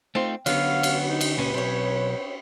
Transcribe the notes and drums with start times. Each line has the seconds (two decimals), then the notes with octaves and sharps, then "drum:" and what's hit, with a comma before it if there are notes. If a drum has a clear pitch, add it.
0.15 A3 C4 D#4 F4
0.46 D3 F#3 B3 F5, drum: cymbal
0.83 drum: cymbal
1.09 D#4
1.21 drum: cymbal
1.38 C#2 A#2 C#4 B4
1.54 B1 C4 C#5